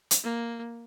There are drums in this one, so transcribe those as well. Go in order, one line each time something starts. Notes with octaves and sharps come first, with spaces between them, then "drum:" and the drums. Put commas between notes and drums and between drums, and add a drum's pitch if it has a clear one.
drum: hi-hat
A#3